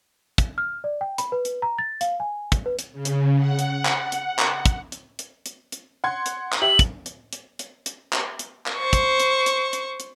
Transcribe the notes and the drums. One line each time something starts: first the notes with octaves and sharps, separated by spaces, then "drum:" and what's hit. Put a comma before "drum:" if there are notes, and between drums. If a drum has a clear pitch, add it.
drum: kick, hi-hat
F6
D5
G5
B5, drum: hi-hat
B4
drum: hi-hat
A#5
A6
F5, drum: hi-hat
G#5
drum: kick, hi-hat
B4
drum: hi-hat
C#3
drum: hi-hat
F#5
drum: hi-hat
drum: clap
drum: hi-hat
drum: clap
drum: kick, hi-hat
drum: hi-hat
drum: hi-hat
drum: hi-hat
drum: hi-hat
F#5 C6 G#6
drum: hi-hat
drum: clap
G4 E5 F#7
drum: kick, hi-hat
drum: hi-hat
drum: hi-hat
drum: hi-hat
drum: hi-hat
drum: clap
drum: hi-hat
drum: clap
C5 C#6
drum: kick, hi-hat
drum: hi-hat
drum: hi-hat
drum: hi-hat
drum: hi-hat